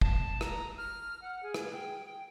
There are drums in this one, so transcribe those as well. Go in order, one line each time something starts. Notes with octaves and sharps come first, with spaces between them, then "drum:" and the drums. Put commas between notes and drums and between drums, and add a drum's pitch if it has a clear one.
A5, drum: kick
A#5, drum: rim click
F6
F#5
G#4
drum: rim click
G5
G5